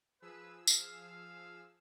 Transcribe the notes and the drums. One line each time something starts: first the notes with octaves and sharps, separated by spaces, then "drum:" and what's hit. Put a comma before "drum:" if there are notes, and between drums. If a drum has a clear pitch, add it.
F3 G#4 B4 E6
F5, drum: tambourine